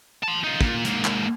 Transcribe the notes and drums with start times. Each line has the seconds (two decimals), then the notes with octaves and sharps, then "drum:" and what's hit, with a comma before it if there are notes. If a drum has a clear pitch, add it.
0.23 A5 C6
0.44 D#4 F4
0.61 A#2, drum: kick
0.85 G#2 A#3, drum: hi-hat
1.05 drum: clap